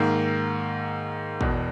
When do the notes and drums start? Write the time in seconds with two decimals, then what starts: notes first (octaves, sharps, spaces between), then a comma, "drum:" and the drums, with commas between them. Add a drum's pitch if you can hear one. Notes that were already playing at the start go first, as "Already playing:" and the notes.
Already playing: G#2 D#3 A#3
1.41 E1 E2 B2, drum: kick